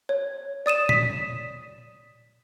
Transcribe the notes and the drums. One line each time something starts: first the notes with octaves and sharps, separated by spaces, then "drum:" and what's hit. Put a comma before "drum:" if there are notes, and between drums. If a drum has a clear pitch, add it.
C#5
D5 D#6 D#7 E7
B6, drum: tom A#2